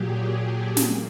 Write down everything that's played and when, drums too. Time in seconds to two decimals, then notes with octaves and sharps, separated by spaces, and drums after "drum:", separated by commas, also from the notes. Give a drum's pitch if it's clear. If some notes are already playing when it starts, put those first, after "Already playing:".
Already playing: A#2 F#3 G4 G#4
0.16 G#4
0.47 A4
0.77 A#2, drum: snare